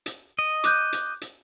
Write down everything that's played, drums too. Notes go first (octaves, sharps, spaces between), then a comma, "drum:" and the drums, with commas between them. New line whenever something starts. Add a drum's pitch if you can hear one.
drum: hi-hat
D#5
D6 F#6 G6, drum: hi-hat
drum: hi-hat
drum: hi-hat